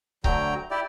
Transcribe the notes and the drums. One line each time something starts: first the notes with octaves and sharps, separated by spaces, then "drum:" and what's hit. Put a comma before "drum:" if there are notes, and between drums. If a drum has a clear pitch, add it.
D2 D3 F#3 G5 A#5, drum: kick C#1
E4 G4 D5